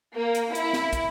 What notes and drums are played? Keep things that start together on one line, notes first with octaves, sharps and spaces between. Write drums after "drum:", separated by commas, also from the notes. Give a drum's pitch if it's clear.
A#3
drum: hi-hat
E4, drum: hi-hat
drum: snare
drum: kick, hi-hat